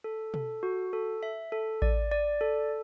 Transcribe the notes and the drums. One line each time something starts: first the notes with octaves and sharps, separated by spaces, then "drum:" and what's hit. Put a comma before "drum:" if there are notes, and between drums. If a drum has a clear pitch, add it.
A4
A4, drum: tom B2
F#4
A4
E5
A4
D5, drum: kick A1
D5
A4